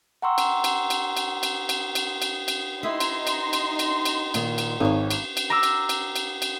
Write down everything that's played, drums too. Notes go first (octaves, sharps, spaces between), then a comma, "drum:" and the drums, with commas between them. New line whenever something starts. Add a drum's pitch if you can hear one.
F#5 G5 A#5 C6 C#6 E6
drum: cymbal
drum: cymbal
drum: cymbal
drum: cymbal
drum: cymbal
drum: cymbal
drum: cymbal
drum: cymbal
drum: cymbal
D#4 E4 D#5 E5 C6
drum: cymbal
drum: cymbal
drum: cymbal
drum: cymbal
drum: cymbal
A#2 D#3, drum: cymbal
drum: cymbal
G#1 G#4 C#5
drum: cymbal
drum: cymbal
A#5 D6 E6
drum: cymbal
drum: cymbal
drum: cymbal
drum: cymbal